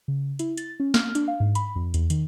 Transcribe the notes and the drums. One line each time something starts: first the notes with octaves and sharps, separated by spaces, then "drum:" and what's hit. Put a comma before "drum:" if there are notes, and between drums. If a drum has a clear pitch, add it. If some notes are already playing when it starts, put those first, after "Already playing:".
C#3
E4, drum: hi-hat
A6, drum: hi-hat
C#4
F6, drum: snare
D4, drum: hi-hat
F5
G#2
B5, drum: hi-hat
F2
E2, drum: hi-hat
D#3, drum: hi-hat